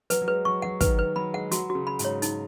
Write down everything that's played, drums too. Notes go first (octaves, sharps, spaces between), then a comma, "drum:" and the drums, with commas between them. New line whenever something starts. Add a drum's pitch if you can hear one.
F#3 B4, drum: hi-hat
F#3
G#3 B4
F#3 C#6
F#3 F#5
D#3 B4, drum: kick, hi-hat
B4
F#3 B5
G#3 F#5
F#3 F#4, drum: hi-hat
C#3 F#4
B5
G#2, drum: hi-hat
C#5
D#4, drum: hi-hat